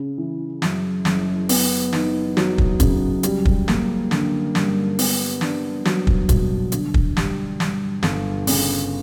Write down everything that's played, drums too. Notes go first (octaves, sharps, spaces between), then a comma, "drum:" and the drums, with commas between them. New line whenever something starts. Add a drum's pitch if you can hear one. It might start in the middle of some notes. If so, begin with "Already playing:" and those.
Already playing: C#3
E3
F#2, drum: snare
F#1, drum: snare
B3, drum: open hi-hat
D#4, drum: snare
F#3, drum: snare
drum: kick
C#3, drum: kick, hi-hat
G3, drum: hi-hat
drum: kick
A#3, drum: snare
D3, drum: snare
G2, drum: snare
B3, drum: open hi-hat
D4, drum: snare
F#3, drum: snare
drum: kick
B2, drum: kick, hi-hat
D3, drum: hi-hat
drum: kick
G3, drum: snare
G2, drum: snare
G1, drum: snare
C#3, drum: open hi-hat